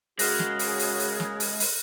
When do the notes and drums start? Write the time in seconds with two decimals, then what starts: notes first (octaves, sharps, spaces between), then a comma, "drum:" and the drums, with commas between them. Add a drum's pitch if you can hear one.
0.19 F#2 C#3 G#3 F#4 G#4 F6 F#6 A#6, drum: open hi-hat
0.39 drum: snare
0.59 drum: open hi-hat
0.79 drum: open hi-hat
1.00 drum: open hi-hat
1.20 drum: snare
1.40 drum: open hi-hat
1.60 drum: open hi-hat